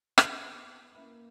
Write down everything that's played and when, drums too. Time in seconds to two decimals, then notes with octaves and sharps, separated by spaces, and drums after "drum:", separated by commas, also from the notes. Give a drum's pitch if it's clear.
0.18 B3 C#4 E4 B4 E5 B5, drum: rim click
0.94 A#3 C#4 E4 B4 E5 B5